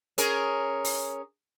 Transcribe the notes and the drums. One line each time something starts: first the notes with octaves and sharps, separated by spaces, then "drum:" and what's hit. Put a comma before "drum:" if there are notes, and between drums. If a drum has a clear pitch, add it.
C#4 G#4 A#4, drum: hi-hat
drum: open hi-hat